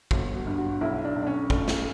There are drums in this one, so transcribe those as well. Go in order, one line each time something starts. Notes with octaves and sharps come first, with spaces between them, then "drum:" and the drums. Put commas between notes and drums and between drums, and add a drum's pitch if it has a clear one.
G1 F#4, drum: kick
F#4
G2
F#4
B1 E4
D4
B1
D4
C#4
A3, drum: kick
drum: snare